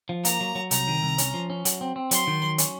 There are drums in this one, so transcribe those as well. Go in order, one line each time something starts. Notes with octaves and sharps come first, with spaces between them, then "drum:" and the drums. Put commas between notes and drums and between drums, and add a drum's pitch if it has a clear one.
F3
A#3 A#5, drum: hi-hat
F#3
F#3
C2 A#5, drum: hi-hat
D#3
C2
C#4, drum: hi-hat
F3
C#4
F#3, drum: hi-hat
C4
C4
F#3 C6, drum: hi-hat
D#3
F#3
C#4, drum: hi-hat